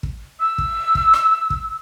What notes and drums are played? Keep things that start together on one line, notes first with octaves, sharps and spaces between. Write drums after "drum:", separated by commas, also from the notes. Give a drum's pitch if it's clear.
drum: kick
E6
drum: kick
drum: kick
drum: rim click
drum: kick